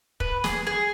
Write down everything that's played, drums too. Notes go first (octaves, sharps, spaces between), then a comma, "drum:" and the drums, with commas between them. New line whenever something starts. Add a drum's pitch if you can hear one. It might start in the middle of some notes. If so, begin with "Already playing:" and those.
B4, drum: kick
G#4, drum: snare
G#4